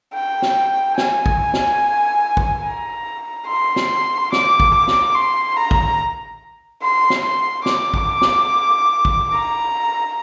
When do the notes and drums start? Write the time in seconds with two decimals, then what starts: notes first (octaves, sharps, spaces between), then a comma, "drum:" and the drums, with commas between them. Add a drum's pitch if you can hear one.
0.15 G5
0.42 drum: snare
0.98 G#5, drum: snare
1.26 drum: kick
1.53 drum: snare
2.37 drum: kick
2.65 A#5
3.48 C6
3.76 drum: snare
4.32 D6, drum: snare
4.60 drum: kick
4.73 D6
4.87 drum: snare
5.15 C6
5.57 A#5
5.71 drum: kick
6.82 C6
7.10 drum: snare
7.24 C6
7.66 D6, drum: snare
7.94 drum: kick
8.21 drum: snare
9.05 drum: kick
9.33 A#5